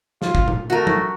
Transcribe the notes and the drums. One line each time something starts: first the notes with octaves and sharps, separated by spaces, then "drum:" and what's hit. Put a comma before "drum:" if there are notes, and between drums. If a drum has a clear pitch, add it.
F4, drum: snare
drum: kick
drum: tom
A3 F#4 A#4
drum: tom